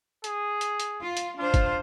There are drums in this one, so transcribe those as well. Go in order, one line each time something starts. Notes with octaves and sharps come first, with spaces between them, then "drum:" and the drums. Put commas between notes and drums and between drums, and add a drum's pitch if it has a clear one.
G#4, drum: hi-hat
drum: hi-hat
drum: hi-hat
F4
drum: hi-hat
D4 F4 C5
drum: kick, hi-hat